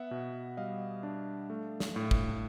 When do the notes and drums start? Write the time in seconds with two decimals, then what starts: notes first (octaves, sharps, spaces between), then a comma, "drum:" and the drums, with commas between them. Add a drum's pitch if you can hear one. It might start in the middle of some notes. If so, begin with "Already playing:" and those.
Already playing: B3 E5 F#5
0.11 B2
0.57 G3 D#5 F5
1.03 D4
1.50 A3
1.80 drum: snare
1.96 A2
2.11 drum: kick G#1